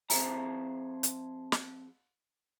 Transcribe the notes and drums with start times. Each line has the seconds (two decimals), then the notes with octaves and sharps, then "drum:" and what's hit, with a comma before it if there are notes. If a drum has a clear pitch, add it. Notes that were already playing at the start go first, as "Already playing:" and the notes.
0.10 F3 C4 G#4 C5 E5 A#5, drum: open hi-hat
1.03 drum: hi-hat
1.52 drum: snare